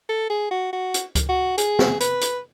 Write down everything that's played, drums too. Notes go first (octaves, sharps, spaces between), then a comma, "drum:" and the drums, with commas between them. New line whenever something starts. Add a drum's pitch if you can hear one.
A4
G#4
F#4
F#4
drum: hi-hat
drum: kick C#2, hi-hat
F#4
G#4, drum: hi-hat
drum: snare
B4, drum: hi-hat
drum: hi-hat